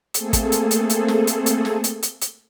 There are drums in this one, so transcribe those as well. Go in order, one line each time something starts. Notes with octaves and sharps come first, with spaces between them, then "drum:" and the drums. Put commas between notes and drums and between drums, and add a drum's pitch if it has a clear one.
A3 A#3 C4 G#4 A4, drum: hi-hat
drum: kick, hi-hat
drum: hi-hat
drum: hi-hat
drum: hi-hat
drum: snare
drum: hi-hat
drum: hi-hat
drum: snare
drum: hi-hat
drum: hi-hat
drum: hi-hat